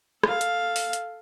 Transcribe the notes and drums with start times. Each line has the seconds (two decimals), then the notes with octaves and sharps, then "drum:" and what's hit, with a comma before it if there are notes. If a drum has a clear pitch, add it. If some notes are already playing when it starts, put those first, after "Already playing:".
0.23 A4 F5, drum: rim click
0.41 drum: hi-hat
0.76 drum: open hi-hat
0.93 drum: hi-hat